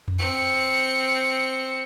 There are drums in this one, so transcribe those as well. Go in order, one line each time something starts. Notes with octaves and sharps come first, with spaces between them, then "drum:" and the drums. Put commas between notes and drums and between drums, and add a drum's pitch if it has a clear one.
drum: tom F2
C4 C#7